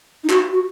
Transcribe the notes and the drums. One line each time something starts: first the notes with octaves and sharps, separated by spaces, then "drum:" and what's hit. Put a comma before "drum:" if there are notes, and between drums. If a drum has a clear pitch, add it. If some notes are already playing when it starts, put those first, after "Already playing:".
D#4
F#4, drum: clap
F#4